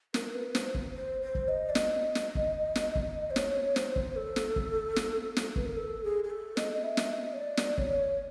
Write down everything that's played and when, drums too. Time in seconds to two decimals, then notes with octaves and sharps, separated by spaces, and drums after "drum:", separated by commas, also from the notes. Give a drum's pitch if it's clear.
0.14 A#4, drum: snare
0.28 A#4
0.35 B4
0.55 C5, drum: snare
0.75 C5, drum: kick
0.95 C5
1.22 C5
1.35 drum: kick
1.48 D#5
1.69 D5
1.75 D#5, drum: snare
2.15 drum: snare
2.35 drum: kick
2.75 drum: snare
2.96 drum: kick
3.30 C5
3.36 C#5, drum: snare
3.76 C5, drum: snare
3.96 drum: kick
4.16 A4
4.36 drum: snare
4.56 drum: kick
4.96 drum: snare
5.36 drum: snare
5.56 B4, drum: kick
5.66 A#4
5.77 A4
6.04 G#4
6.24 G#4
6.30 A4
6.57 D#5, drum: snare
6.74 D#5
6.84 E5
6.97 drum: snare
7.11 D#5
7.33 C#5
7.37 D5
7.57 drum: snare
7.78 C#5, drum: kick